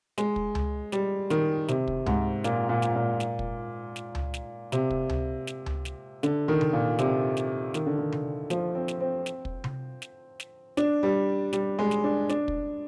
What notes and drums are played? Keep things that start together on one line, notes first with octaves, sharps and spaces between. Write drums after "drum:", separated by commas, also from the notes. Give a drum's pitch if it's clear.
G#3, drum: snare
drum: kick
drum: tom C#2
G3, drum: snare
D#3, drum: snare
C3, drum: snare
drum: kick
G#2, drum: tom C#2
A#2, drum: snare
A#2
drum: snare
A#2
drum: snare
drum: kick
drum: snare
drum: tom C#2
drum: snare
C3, drum: snare
drum: kick
drum: tom C#2
drum: snare
drum: tom C#2
drum: snare
D3, drum: snare
D#3
drum: tom C3
A#2
C3, drum: snare
drum: snare
D#3, drum: snare
D3
D#3
drum: tom C3
F3, drum: snare
C4
drum: snare
C4
drum: snare
drum: kick
drum: tom C3
drum: snare
drum: snare
D4, drum: snare
G3
G3, drum: snare
G#3
drum: snare
D4
D4, drum: snare
drum: kick